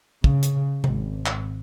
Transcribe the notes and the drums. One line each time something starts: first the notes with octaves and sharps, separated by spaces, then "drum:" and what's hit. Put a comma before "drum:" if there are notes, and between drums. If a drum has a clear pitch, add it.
C#3, drum: kick
drum: hi-hat
G#1, drum: tom C3
drum: clap